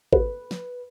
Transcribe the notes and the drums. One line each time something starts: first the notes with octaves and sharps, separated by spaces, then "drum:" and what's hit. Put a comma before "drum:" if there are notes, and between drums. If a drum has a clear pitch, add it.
B4, drum: kick G#1
drum: snare